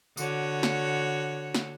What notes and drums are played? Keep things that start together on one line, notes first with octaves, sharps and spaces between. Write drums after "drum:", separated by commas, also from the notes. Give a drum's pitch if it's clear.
D3 F#4 C#5, drum: tambourine
drum: snare
drum: snare